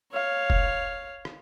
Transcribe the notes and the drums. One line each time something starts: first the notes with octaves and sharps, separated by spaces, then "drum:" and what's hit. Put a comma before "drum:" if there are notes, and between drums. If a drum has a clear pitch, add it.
C#5 F5
drum: kick F1
drum: rim click